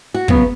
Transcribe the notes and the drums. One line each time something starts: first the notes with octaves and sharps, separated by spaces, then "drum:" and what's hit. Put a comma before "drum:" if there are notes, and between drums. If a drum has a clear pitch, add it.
F#4
C#3 F#3 B3, drum: kick